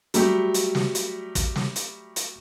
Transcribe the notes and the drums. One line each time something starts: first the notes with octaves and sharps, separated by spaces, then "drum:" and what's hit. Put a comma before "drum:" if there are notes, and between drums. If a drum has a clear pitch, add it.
F#3 G3 A3 G4, drum: hi-hat
drum: hi-hat
drum: snare
drum: hi-hat
drum: kick, hi-hat
drum: snare
drum: hi-hat
drum: hi-hat